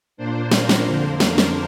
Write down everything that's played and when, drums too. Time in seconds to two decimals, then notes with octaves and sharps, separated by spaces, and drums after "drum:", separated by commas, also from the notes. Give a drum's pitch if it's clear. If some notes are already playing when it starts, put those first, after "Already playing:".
0.17 A#2 A#3 D4 C5
0.52 A#4, drum: snare
0.69 drum: snare
0.86 F2 D3 A#3 D4 C5
1.20 A#4, drum: snare
1.38 drum: snare